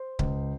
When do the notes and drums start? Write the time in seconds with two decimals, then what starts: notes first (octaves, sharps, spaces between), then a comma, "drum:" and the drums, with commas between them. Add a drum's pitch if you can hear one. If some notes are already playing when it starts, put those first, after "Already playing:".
Already playing: C5
0.19 C#2, drum: kick C#1